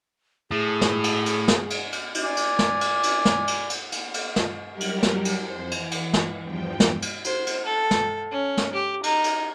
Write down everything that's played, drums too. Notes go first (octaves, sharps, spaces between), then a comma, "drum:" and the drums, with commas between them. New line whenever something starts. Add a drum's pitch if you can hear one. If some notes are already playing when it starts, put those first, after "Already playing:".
A2 G#4
drum: snare
drum: cymbal
drum: cymbal
drum: snare
drum: cymbal
drum: cymbal
drum: cymbal
D5 G#5 D6
drum: cymbal
drum: snare
drum: cymbal
drum: cymbal
drum: snare
drum: cymbal
drum: cymbal
drum: cymbal
drum: cymbal
drum: snare
F#3 G3 G4 A#4
drum: cymbal
drum: snare
drum: cymbal
F2 C5
E3, drum: cymbal
drum: cymbal
drum: snare
E2 G2 F3 G5
drum: snare
drum: cymbal
C5, drum: cymbal
drum: cymbal
A4
drum: snare
C#4
drum: snare
G4
D#4, drum: cymbal
drum: cymbal